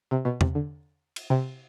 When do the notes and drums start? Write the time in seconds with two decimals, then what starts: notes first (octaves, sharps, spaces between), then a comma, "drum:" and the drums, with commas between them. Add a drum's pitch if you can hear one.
0.11 C3
0.25 B2
0.41 C3, drum: tom E2
0.55 D3
1.16 drum: cymbal
1.30 C3